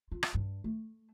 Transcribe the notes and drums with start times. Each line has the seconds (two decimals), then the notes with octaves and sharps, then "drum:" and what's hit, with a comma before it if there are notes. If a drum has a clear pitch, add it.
0.12 F4
0.23 drum: rim click
0.34 G2
0.64 A3